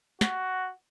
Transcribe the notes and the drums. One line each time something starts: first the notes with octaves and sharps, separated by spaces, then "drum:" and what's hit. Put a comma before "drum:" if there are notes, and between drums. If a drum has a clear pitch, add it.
F#4, drum: snare